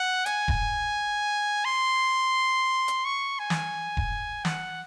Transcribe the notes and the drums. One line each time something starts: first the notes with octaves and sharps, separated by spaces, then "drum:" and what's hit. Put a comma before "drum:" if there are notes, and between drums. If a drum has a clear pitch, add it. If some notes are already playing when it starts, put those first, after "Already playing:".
Already playing: F#5
G#5, drum: hi-hat
drum: kick E1
C6
drum: hi-hat
C#6
G#5
drum: snare
drum: kick E1
F#5, drum: snare